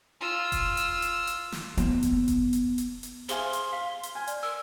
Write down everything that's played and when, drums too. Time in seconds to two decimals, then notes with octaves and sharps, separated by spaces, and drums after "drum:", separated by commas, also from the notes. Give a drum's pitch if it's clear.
0.21 F4 E6
0.52 drum: kick F1, hi-hat
0.77 drum: hi-hat
1.02 drum: hi-hat
1.27 drum: hi-hat
1.52 drum: snare
1.77 B3, drum: hi-hat
2.03 drum: kick F1, hi-hat
2.28 drum: kick F1, hi-hat
2.53 drum: hi-hat
2.78 drum: hi-hat
3.03 drum: hi-hat
3.29 G#4 C5 E5 F5 G#5 C6 F6, drum: hi-hat
3.53 drum: hi-hat
3.73 F5 B6
4.03 drum: hi-hat
4.15 G#5 F6 G#6
4.27 D5, drum: hi-hat
4.43 A#4 E6